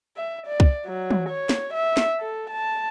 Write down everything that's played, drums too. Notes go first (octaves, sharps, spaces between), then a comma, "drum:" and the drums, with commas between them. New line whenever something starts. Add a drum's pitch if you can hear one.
E5
D5
drum: kick C2
F#3
drum: tom
C#5
drum: snare
E5
drum: snare
A4
A5